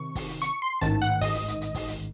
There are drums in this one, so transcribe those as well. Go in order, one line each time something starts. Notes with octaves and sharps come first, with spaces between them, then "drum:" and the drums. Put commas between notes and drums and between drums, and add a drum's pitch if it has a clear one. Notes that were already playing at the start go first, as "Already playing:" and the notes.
Already playing: C3 D#3 C#6
drum: kick, open hi-hat
drum: hi-hat
C#6, drum: hi-hat
C6
A1 G#2 D#3 A5, drum: hi-hat
F#5
D#5, drum: kick, open hi-hat
drum: hi-hat
drum: hi-hat
drum: hi-hat
drum: kick, open hi-hat
drum: hi-hat